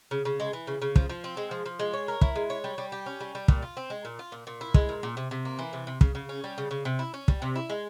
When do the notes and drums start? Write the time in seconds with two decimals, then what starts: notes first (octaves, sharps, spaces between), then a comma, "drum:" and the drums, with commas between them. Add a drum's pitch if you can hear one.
0.11 C#3
0.25 C#3
0.40 G#3
0.53 E3
0.67 C#3
0.82 C#3
0.96 F3, drum: kick
1.09 F3
1.24 C4
1.37 G#3
1.51 F3
1.66 F3
1.79 G#3
1.93 C#5
2.08 A#4
2.21 E4, drum: kick
2.36 G#3
2.50 C#5
2.64 G3
2.78 G3
2.92 G4
3.06 C#4
3.21 G3
3.35 G3
3.48 A#2, drum: kick
3.62 F4
3.77 C4
3.90 G#3
4.05 A#2
4.19 F4
4.32 A#2
4.47 A#2
4.61 E4
4.74 G#3, drum: kick
4.89 A#2
5.03 A#2
5.17 C3
5.31 C3
5.45 A#3
5.59 E3
5.73 C3
5.87 C3
6.01 C#3, drum: kick
6.15 C#3
6.29 C#4
6.44 G3
6.58 C#3
6.71 C#3
6.85 C3
6.99 E4
7.14 C#4
7.28 G3, drum: kick
7.42 C3
7.55 E4
7.69 G#3